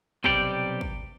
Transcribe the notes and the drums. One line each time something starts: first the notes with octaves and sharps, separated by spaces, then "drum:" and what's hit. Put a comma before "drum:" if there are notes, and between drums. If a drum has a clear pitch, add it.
B1 C3 G3 G4 D5, drum: kick
drum: kick